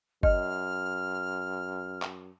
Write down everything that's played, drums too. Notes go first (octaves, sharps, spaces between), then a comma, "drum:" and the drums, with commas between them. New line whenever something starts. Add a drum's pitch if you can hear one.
F#2 D#5 F6, drum: kick G1
drum: clap